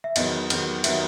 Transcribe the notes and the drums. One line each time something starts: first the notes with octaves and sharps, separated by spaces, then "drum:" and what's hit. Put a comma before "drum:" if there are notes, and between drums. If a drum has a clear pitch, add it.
E5
E2 D#3 F#3 B3 D#5, drum: cymbal
E2 D#3 F#3 B3, drum: cymbal
D#3 F#3 B3 E5, drum: cymbal